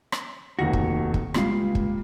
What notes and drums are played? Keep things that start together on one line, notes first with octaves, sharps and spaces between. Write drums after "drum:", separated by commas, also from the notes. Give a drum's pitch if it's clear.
drum: rim click
F1 D#2 F#4 A#6
drum: kick
drum: kick
C#2 A#2 G3 G#3 F5, drum: rim click
drum: kick